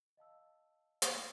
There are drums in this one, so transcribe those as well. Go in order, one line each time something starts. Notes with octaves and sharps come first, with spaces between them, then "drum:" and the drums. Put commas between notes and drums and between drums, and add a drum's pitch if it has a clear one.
D#5 F5 A5 E6
drum: hi-hat